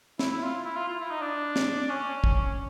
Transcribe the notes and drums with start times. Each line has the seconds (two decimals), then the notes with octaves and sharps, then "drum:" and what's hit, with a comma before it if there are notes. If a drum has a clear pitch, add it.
0.19 E4, drum: snare
0.31 E4
0.43 F4
0.65 E4
0.76 F4
0.88 F4
0.99 E4
1.10 D#4
1.21 D4
1.56 drum: snare
1.89 C#4
2.24 drum: kick